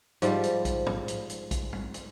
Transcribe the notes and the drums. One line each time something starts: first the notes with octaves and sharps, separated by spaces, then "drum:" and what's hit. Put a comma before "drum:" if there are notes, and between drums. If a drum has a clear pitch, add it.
G#2 F3 G3, drum: hi-hat
drum: hi-hat
drum: kick A#1, hi-hat
drum: tom
drum: hi-hat
drum: hi-hat
drum: kick A#1, hi-hat
drum: tom
drum: hi-hat